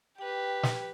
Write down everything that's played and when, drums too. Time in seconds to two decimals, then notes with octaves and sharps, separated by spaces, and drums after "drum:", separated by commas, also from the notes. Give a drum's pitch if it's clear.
0.18 G4 B4 G5
0.63 drum: snare